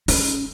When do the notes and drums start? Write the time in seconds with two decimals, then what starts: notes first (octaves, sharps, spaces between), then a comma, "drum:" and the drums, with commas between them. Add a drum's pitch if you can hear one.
0.08 C#4, drum: open hi-hat